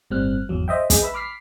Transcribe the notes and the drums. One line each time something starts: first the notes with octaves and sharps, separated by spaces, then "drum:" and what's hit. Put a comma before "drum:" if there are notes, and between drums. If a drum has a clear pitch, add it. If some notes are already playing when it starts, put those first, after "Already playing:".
G1 A2 G3 C4 F6 F#6
G#1 E2 F#3
C5 D#5 E5 G5
G#4 D#5 G5, drum: kick, hi-hat
B4 E5 B5 E6
B5 D6 F6 B6 C7